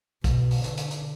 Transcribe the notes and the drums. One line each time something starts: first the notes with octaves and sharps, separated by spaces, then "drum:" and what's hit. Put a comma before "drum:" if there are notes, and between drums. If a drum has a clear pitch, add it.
B2, drum: kick, hi-hat
drum: open hi-hat
D3, drum: hi-hat
drum: hi-hat
drum: hi-hat